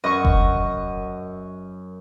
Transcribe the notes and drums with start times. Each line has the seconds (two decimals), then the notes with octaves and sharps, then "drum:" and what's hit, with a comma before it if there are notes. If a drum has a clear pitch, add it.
0.04 F#2 D#5 C#6
0.25 drum: kick F1